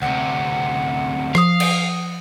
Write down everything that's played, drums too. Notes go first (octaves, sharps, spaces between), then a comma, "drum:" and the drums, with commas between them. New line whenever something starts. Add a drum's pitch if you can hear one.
D2 C3 F#5
F3 F5 D#6, drum: rim click
drum: cymbal